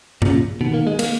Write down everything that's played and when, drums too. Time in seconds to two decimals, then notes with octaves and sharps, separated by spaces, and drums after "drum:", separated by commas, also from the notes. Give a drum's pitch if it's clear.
0.22 A#2 C#3, drum: tom G2
0.61 B2 D#3
0.74 A#3
0.87 G#3
0.99 A#3, drum: cymbal